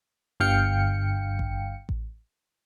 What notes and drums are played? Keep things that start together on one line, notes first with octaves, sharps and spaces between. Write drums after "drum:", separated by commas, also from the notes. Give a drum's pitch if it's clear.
G1 G2 F5 G5 C#7
drum: kick A1
drum: kick A1